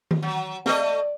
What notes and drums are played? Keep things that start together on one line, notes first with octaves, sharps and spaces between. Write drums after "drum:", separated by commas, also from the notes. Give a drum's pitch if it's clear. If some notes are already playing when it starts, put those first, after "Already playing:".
drum: tom D#3
F#3
A3 D5 D#5, drum: snare